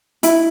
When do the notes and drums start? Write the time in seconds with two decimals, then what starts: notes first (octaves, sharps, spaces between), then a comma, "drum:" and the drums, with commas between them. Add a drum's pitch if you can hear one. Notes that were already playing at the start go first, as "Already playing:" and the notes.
0.23 E4, drum: hi-hat